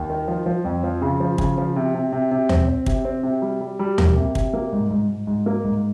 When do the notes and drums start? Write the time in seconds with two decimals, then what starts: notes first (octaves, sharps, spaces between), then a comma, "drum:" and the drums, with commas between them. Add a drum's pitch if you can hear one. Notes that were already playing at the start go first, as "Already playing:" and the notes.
Already playing: D#2
0.10 D#3
0.27 F3
0.46 F3
0.65 F2
0.84 F3
1.02 C#3
1.20 F3
1.38 C#3, drum: kick
1.58 F3
1.76 C3
1.94 C3
2.13 C3
2.31 C3
2.49 C4, drum: tom D#2
2.68 C4
2.86 C3, drum: kick
3.05 C4
3.23 C3
3.42 G3
3.61 G3
3.79 G3
3.98 A#3, drum: tom D#2
4.16 C3
4.35 C3, drum: kick
4.53 A#3
4.73 G#2
4.90 G#2
5.09 G#2
5.27 G#2
5.46 A#3
5.64 G#2